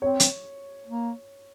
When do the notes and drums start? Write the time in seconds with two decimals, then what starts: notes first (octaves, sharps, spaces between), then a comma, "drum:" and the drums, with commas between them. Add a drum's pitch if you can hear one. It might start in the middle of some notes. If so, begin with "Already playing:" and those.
0.02 C4 C#5
0.20 drum: hi-hat
0.87 A#3